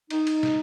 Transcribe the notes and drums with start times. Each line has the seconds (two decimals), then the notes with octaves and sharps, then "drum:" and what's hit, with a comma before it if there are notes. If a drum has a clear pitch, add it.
0.10 D#4, drum: cymbal
0.27 drum: cymbal
0.43 drum: snare